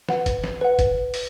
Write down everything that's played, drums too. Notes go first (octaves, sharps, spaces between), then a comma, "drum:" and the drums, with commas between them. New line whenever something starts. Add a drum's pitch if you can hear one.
B4 F#5, drum: snare
drum: kick, hi-hat
drum: snare
B4 F#5
drum: kick, hi-hat
drum: open hi-hat